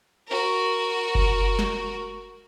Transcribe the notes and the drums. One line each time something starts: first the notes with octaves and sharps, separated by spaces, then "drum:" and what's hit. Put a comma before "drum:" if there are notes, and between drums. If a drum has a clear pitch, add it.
F#4 A#4
drum: kick F#1
drum: snare